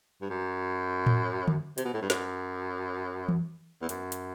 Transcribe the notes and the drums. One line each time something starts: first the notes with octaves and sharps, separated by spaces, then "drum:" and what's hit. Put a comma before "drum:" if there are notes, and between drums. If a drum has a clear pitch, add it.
G2
F#2
drum: tom A2
drum: tom D3
C3, drum: hi-hat
B2
A2
G2
F#2, drum: snare
drum: tom E3
E2
F#2, drum: hi-hat
drum: hi-hat